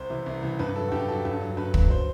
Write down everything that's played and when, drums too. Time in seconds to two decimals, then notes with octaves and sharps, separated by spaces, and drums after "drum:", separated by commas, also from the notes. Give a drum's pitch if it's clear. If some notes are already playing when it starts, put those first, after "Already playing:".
Already playing: C2 C5
0.10 C3 E3
0.26 C2
0.43 C3 E3
0.59 G2 B4
0.76 F#3 A4
0.88 F#4
0.92 G2 G4
1.08 F#3 A4
1.25 G2
1.41 F#3
1.57 G2 B4
1.74 F#3, drum: kick
1.90 C5